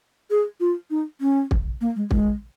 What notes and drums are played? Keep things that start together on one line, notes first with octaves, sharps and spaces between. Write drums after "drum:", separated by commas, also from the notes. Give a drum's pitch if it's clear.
G#4
F4
D#4
C#4
drum: kick
A#3
G#3
G#3, drum: kick